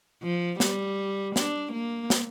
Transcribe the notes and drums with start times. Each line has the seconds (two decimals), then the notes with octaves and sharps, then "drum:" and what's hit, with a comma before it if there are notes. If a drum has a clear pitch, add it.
0.23 F3
0.60 G3, drum: snare
1.36 D4, drum: snare
1.73 A#3
2.10 drum: snare